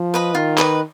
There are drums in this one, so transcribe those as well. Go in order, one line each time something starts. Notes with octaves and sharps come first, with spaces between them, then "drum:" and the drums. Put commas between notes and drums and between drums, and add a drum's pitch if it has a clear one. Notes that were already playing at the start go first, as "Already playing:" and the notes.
Already playing: F3
B4 D#5 B5
D#3 F4
B4 D#5 B5, drum: clap